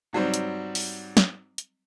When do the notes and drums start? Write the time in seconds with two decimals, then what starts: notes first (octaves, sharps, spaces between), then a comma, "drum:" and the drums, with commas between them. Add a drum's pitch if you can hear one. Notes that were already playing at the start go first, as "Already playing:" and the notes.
0.13 G#2 F#3 G3 C4
0.34 drum: hi-hat
0.75 drum: open hi-hat
1.17 drum: snare
1.58 drum: hi-hat